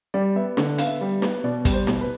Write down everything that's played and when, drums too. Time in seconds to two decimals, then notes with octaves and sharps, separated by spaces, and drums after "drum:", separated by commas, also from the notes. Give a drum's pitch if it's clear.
0.14 G3 D5
0.36 B3 E5
0.57 D3, drum: snare
0.78 B3 F5, drum: hi-hat
0.87 E5
1.01 G3
1.22 B3, drum: snare
1.44 B2 D5
1.65 G3, drum: kick, hi-hat
1.73 C5
1.87 B2, drum: snare
2.01 B4